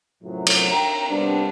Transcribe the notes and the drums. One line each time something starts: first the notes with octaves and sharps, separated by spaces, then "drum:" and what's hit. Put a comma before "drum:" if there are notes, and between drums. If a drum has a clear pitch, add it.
F#2 A2 C3 F3 F#3
drum: cymbal
G5 A#5
C3 G3 B3 C4 D4